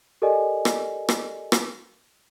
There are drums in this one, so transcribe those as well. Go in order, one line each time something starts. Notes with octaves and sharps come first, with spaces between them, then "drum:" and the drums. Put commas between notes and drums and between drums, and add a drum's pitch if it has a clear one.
G4 A4 A#4 D5 D#5 G#5
drum: rim click
drum: rim click
drum: rim click